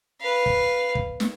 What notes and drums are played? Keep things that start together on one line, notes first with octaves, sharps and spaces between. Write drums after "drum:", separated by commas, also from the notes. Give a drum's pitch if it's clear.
B4 F5
drum: kick
drum: kick
drum: snare